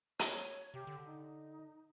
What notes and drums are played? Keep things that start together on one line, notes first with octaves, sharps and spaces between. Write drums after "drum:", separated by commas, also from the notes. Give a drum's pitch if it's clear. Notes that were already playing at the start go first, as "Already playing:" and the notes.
C#5, drum: hi-hat
C3 G4
D3
D#4